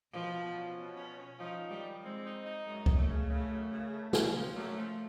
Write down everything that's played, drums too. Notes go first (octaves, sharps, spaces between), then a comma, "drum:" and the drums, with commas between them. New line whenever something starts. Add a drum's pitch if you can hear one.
B2 F3
B2
C#4
B2
C#4
C#4
F3 D#4
D#3
G3
G3
G#3 C4
D#4
D#4
F#2 G#3
F#2, drum: kick C#2
A3
C#3
C#3 A3
F#2
C#3
A3
C#3, drum: snare
F3
F#2 A3
F3